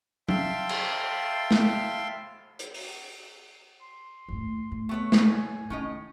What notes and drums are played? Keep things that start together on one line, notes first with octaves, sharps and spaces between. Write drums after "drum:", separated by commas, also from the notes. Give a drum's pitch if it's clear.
E5 F5 G5 A5 C6, drum: tom
drum: cymbal
drum: snare
drum: hi-hat
drum: open hi-hat
C6
D#2 A2
A2
A3 B3 C#5
G#5, drum: snare
A2 D#3 C#4 D#5